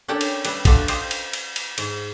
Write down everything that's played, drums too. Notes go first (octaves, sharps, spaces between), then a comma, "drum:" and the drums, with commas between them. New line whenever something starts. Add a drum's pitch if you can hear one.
C#4 D4 G4 A4 A#4 C#5
drum: cymbal
G3 B4 E5, drum: cymbal
D4 F4 F#4 A4 E5, drum: kick A1, cymbal
G4 C5 D#5 F5, drum: cymbal
drum: cymbal
drum: cymbal
drum: cymbal
G#2, drum: cymbal